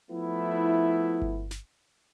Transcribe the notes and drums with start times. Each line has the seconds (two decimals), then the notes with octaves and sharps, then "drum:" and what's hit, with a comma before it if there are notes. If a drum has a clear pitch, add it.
0.11 F3 A3 B3 E4
1.22 drum: kick G1
1.51 drum: snare